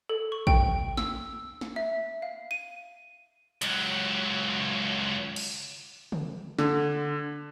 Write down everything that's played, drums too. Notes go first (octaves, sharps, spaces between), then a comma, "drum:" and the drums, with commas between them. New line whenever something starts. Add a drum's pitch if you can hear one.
A4
C#6
G5, drum: kick A1
E6, drum: snare
drum: snare
E5
F5
D#7
C#2 F#3, drum: hi-hat
drum: cymbal
drum: tom C#3
D3, drum: snare